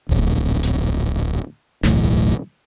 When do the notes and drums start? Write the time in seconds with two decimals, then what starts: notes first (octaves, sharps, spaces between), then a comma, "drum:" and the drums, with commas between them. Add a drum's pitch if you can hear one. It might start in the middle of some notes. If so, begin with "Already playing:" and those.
0.09 D1 A#1, drum: kick E1
0.63 drum: hi-hat
1.83 D1 B1 E2 A2, drum: snare